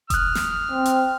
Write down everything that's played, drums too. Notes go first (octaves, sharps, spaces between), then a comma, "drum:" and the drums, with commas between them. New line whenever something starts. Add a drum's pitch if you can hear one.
D#6 F6 F#6, drum: kick F1, hi-hat
drum: snare
C4
drum: hi-hat